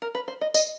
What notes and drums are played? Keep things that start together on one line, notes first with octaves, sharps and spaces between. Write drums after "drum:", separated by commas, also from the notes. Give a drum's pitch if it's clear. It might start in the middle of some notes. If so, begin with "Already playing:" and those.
A#4
B4
C5
D#5
D#5, drum: tambourine